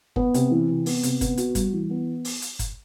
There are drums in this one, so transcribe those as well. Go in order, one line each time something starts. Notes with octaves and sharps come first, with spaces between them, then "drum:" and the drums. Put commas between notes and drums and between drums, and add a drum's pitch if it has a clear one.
B3, drum: kick F#1
C3, drum: hi-hat
E3
C3
B3, drum: open hi-hat
C3, drum: hi-hat
B3, drum: kick F#1, hi-hat
F#4, drum: hi-hat
G3, drum: kick F#1, hi-hat
E3
B3
drum: open hi-hat
drum: hi-hat
drum: kick F#1, hi-hat